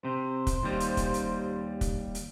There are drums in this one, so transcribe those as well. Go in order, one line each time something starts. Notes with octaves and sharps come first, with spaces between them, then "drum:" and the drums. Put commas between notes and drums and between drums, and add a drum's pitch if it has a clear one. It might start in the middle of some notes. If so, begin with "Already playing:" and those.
C3 C5
drum: kick, hi-hat
D#2 G3
drum: hi-hat
drum: kick, hi-hat
drum: hi-hat
drum: kick, hi-hat
drum: hi-hat